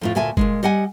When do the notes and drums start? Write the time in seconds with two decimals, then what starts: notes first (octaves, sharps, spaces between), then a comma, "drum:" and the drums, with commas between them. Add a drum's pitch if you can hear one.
0.01 F2 A2 F4
0.15 D2 A#2 E5 G#5 A5
0.37 A#2 C#3 G#3, drum: kick
0.63 G3 D#5 F#5 G#5